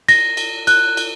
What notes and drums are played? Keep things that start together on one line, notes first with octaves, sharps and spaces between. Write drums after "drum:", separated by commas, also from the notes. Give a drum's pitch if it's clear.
A#6, drum: cymbal
drum: cymbal
F#6, drum: cymbal
drum: cymbal